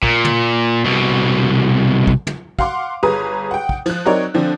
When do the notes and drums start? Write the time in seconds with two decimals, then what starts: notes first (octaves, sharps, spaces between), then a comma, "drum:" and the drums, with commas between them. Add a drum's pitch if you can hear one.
0.03 A#2, drum: kick
0.25 drum: tom
0.84 C2 B2
2.07 drum: kick
2.27 drum: tom
2.59 F5 F#5 C6 D6, drum: kick
3.03 G1 G#4 B4 A#5 D#6
3.51 F#5 G5
3.69 drum: kick
3.86 F3 F#6, drum: cymbal
4.06 F#3 C4 D#4 A#4 C#5 D5
4.34 D3 F3 C4 D4